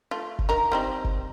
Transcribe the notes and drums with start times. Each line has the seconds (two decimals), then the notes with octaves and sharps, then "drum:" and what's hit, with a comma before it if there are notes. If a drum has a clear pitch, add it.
0.11 A3 F4
0.39 drum: kick F#1
0.49 D#4 A#4
0.72 G3 C4 D#4
1.04 drum: kick F#1